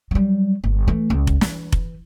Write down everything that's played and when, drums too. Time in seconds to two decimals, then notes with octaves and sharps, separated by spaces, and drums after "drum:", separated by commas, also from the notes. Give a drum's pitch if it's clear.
0.11 F#3 G3
0.64 G1
0.87 E3 A3
1.10 C#2
1.27 drum: kick F1
1.41 E3, drum: snare
1.72 drum: kick F1